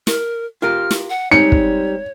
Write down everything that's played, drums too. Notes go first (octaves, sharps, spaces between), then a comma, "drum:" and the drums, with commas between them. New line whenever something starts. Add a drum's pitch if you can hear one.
A#4, drum: snare
F4 G4 A#4 F6
drum: snare
F#5
G3 G#3 C4 D#4 C#5 C#7
drum: kick